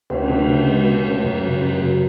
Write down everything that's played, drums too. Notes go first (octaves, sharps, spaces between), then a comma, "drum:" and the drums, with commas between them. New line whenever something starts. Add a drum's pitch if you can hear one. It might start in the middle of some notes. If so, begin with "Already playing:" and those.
D2, drum: cymbal
D3 F#3 A3 D4
C#3
G#3 B3 F#4
B2
A3 C#4
F#2
C#3 F#3
F#2
C#3 F#3